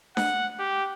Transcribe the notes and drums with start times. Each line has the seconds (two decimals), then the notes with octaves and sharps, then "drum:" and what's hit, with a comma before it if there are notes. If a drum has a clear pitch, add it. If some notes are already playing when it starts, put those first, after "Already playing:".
0.17 F#5, drum: snare D4
0.59 G4